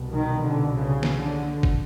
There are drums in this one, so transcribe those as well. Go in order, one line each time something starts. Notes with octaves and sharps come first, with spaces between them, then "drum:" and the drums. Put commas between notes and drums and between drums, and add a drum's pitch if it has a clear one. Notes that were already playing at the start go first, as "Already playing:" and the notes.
Already playing: C2 B2
D#3
D3
C#3
drum: snare
D3
drum: kick